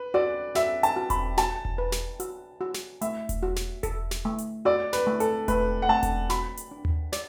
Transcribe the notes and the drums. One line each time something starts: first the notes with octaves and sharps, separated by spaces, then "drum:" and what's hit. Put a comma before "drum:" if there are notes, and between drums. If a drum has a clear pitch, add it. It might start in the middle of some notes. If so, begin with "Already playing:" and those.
Already playing: B4
F#4 D5
F#4 E5, drum: snare
A5, drum: hi-hat
F#4
B5, drum: kick E1, hi-hat
F#4 A5, drum: snare
drum: kick E1
B4
drum: snare
F#4, drum: hi-hat
F#4
drum: snare
A3 E5, drum: hi-hat
drum: kick E1, hi-hat
F#4
drum: snare
A4, drum: kick E1, hi-hat
drum: snare
A3
drum: hi-hat
F#4 D5
B4, drum: snare
A3
A4, drum: hi-hat
A3 B4, drum: kick E1, hi-hat
F#5
A3 A5
drum: kick E1, hi-hat
F#4 B5, drum: snare
drum: hi-hat
D4
drum: tom D#2
D5, drum: snare